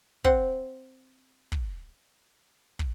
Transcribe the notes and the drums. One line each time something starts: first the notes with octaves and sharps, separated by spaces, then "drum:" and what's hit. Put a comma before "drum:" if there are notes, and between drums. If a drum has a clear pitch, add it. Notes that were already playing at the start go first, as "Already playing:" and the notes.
C4 F#5, drum: kick
drum: kick
drum: kick